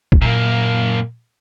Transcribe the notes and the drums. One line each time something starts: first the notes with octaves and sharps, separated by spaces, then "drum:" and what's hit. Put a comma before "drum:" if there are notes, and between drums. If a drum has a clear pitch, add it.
drum: kick
F#2 A#2 A#3